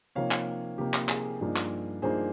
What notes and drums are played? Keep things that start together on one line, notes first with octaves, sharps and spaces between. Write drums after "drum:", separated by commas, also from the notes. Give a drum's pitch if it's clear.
C3 F3 A#3 D#4 C#5 F5
drum: clap
C3 F3 A#3 D#4 G4
drum: clap
G#4, drum: clap
G2 F3 A#3 D#4
drum: clap
G2 F3 A#3 D#4 G#4 C5